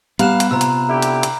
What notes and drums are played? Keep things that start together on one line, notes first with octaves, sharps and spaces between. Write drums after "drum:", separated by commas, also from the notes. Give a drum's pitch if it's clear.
G3 B3 F5 A#5 B5 F#6 E7, drum: hi-hat
drum: hi-hat
C3 F4 A#5 E6
drum: hi-hat
D3 E4 G4
drum: hi-hat
drum: hi-hat